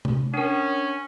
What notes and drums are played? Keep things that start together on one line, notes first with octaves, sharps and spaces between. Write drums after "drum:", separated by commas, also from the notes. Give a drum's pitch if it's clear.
drum: tom C3
C#4 D4 A#4